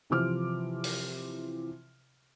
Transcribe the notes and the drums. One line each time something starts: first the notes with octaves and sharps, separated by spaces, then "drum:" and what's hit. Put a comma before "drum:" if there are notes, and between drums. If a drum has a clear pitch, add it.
C3 E3 F3 C5 D6 F6
drum: open hi-hat